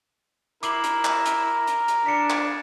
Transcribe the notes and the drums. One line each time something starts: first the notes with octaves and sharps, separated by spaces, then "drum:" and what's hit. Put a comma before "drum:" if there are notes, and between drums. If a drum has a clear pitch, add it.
E4 A#4 D6 C7 F#7, drum: hi-hat
drum: hi-hat
drum: clap
drum: hi-hat
drum: hi-hat
drum: hi-hat
D4 B6 C#7
drum: clap